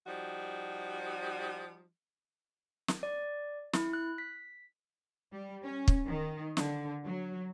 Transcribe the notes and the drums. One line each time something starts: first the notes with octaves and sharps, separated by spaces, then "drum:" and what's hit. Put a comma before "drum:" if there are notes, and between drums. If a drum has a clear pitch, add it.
F3 G3 D#4 F#4
drum: snare
D5
E4, drum: snare
F#6
B6
G3
C#4
drum: kick
D#3
D3, drum: snare
F#3